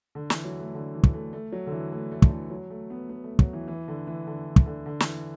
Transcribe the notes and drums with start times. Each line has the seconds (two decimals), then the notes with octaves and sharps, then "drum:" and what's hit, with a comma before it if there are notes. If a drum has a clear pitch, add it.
0.15 D3
0.30 E3, drum: snare
0.45 F#3
0.59 A3
0.74 D3
0.94 E3
1.04 drum: kick
1.14 A3
1.33 A3
1.52 F#3
1.67 D3
1.72 E3
1.92 A3
2.12 A3
2.22 D3, drum: kick
2.31 E3
2.50 F#3
2.70 A3
2.90 B3
3.09 B3
3.24 A3
3.39 F#3, drum: kick
3.53 E3
3.68 E3
3.88 D3
4.07 E3
4.27 D3
4.56 drum: kick
4.66 D3
4.86 D3
5.00 E3, drum: snare